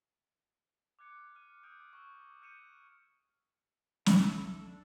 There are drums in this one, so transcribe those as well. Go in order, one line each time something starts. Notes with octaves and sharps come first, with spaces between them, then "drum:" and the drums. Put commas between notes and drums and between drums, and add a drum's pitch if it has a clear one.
D6 F6 F#6 G#6 C#7
F6 D#7
D6 D#6 F6 G6 D7
C#6 E6
F6 G6 C#7 D#7 E7
D3, drum: snare
E5
A4
D4